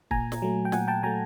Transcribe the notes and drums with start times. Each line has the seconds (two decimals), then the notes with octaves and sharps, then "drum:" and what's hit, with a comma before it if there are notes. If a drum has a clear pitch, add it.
0.11 A#2 G#5 A#5, drum: kick
0.32 drum: snare
0.42 F#3 A3
0.65 G5
0.72 A#2 F#5 G#5, drum: snare
0.88 G5 A5
1.03 F#3 A3 G#5 A#5